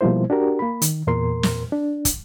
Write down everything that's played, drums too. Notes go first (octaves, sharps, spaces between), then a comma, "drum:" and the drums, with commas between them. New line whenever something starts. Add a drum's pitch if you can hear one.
B2 F3 G3 A#3 E4 C5
D4 F#4 G4 A#4
A#3 B5
D#3, drum: hi-hat
E2 A#2 A#4 C6
drum: snare
D4
drum: kick, hi-hat